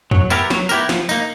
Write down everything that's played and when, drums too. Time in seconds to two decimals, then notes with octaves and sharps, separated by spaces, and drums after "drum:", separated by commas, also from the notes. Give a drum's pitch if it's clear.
0.11 F#3, drum: tom E2
0.30 B3 E4 G4 A#4, drum: tambourine
0.50 F#3, drum: snare
0.69 B3 E4 G4 A#4, drum: tambourine
0.89 F3, drum: snare
1.09 A#3 D#4, drum: tambourine